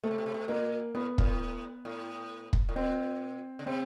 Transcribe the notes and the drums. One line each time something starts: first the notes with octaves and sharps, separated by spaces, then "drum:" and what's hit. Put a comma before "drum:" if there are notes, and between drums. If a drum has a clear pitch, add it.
B2 A3
C3
B2
C3
B2
A#2 A#3
A2 B3
A2, drum: kick
A2
drum: kick
A2
A#2 C4
C#3
C3 C4